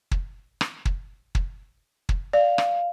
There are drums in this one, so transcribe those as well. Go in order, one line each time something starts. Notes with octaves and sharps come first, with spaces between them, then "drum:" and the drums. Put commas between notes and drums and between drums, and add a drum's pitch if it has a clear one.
drum: kick
drum: rim click
drum: kick
drum: kick
drum: kick
D5 F5
drum: rim click